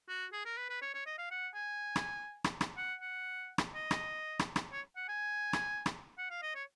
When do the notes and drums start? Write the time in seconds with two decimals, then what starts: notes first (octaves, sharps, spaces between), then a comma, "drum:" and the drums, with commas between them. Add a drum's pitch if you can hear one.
0.09 F#4
0.33 G#4
0.45 A#4
0.57 B4
0.70 B4
0.82 C#5
0.94 C#5
1.06 D#5
1.18 F5
1.31 F#5
1.55 G#5
1.96 drum: rim click
2.44 drum: rim click
2.61 drum: rim click
2.77 F#5
3.01 F#5
3.58 drum: rim click
3.75 D#5
3.91 drum: rim click
4.39 drum: rim click
4.56 drum: rim click
4.72 C#5
4.96 F#5
5.08 G#5
5.53 drum: rim click
5.86 drum: rim click
6.18 F#5
6.30 F5
6.42 D#5
6.55 C#5